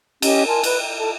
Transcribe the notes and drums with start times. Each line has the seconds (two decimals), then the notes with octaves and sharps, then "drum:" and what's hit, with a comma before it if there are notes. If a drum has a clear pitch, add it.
0.22 C#4 G4 D#5, drum: cymbal
0.47 A#4 G#5 A5 C6
0.63 B4 F#6, drum: cymbal
0.80 G5
1.00 A4 A5